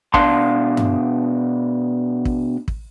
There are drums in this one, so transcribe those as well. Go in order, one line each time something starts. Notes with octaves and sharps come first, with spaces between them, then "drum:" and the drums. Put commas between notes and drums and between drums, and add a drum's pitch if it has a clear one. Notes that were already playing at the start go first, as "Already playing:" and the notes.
B2 D4 F5 A5 C6, drum: kick
drum: tom G2
drum: kick
drum: kick